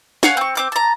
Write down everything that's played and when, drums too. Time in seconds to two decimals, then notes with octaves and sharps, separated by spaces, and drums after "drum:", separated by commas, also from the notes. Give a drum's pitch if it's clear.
0.23 C#5 F5 F#5 G#5, drum: snare
0.37 C4 C#6
0.55 C4 D6 G6
0.72 A5 A#5